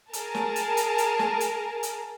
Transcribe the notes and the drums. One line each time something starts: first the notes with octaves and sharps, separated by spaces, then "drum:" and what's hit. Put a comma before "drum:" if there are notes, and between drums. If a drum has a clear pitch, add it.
G#4 A#4 A5, drum: hi-hat
drum: snare
drum: hi-hat
drum: hi-hat
drum: hi-hat
drum: snare
drum: hi-hat
drum: hi-hat